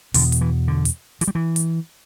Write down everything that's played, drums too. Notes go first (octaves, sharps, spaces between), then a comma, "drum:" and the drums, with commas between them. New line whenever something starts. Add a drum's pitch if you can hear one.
E2 B2 D3, drum: open hi-hat
drum: hi-hat
E3
D3
drum: hi-hat
E3, drum: hi-hat
G3
E3
drum: hi-hat